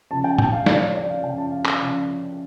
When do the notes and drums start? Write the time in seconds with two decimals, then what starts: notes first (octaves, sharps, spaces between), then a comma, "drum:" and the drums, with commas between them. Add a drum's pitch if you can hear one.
0.11 C#3 F3 C#4 A5
0.24 G5
0.38 G5, drum: tom A2
0.52 F5
0.66 C#3 F3 C#4 D5, drum: snare
0.81 C#5
0.96 D5
1.10 F5
1.24 C#3 F3 C#4 G5
1.38 A5
1.52 F5
1.66 F5, drum: clap
1.81 C#3 F3 C#4